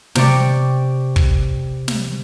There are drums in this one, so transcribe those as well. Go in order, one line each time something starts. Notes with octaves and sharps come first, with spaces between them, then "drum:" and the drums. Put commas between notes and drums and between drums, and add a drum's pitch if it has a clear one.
C3 G4 D5 C#6, drum: snare
drum: kick
drum: snare